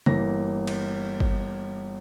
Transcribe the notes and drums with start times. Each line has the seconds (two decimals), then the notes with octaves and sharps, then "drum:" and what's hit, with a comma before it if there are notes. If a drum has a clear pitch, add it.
0.06 G1 E3 A#3 A#6, drum: tom C#3
0.67 drum: cymbal
1.20 drum: kick G#1